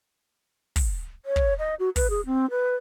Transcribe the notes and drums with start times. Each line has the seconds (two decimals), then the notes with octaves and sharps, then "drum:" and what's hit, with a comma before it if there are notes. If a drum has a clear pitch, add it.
0.76 drum: kick, open hi-hat
1.25 C#5
1.36 drum: kick
1.59 D#5
1.79 F#4
1.96 B4, drum: kick, open hi-hat
2.10 G#4
2.26 C4
2.50 B4